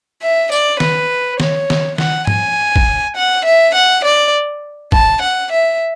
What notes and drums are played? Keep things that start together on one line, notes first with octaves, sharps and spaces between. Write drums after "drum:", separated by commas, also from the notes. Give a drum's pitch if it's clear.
E5
D5, drum: tambourine
B4, drum: snare D#3
C#5, drum: snare D#3
drum: snare D#3
F#5, drum: snare D#3
G#5, drum: tom G#2
drum: kick A1
F#5
E5
F#5
D5
A5, drum: kick A1
F#5
E5